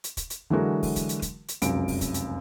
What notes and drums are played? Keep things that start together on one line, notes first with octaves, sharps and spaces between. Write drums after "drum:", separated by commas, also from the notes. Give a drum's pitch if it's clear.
drum: hi-hat
drum: kick, hi-hat
drum: hi-hat
D3 E3 F#3 G#3 F#4 A#4
drum: kick, open hi-hat
drum: kick, hi-hat
drum: hi-hat
drum: kick, hi-hat
drum: hi-hat
F1 C#2 F#2 D7, drum: hi-hat
drum: kick, open hi-hat
drum: kick, hi-hat
drum: hi-hat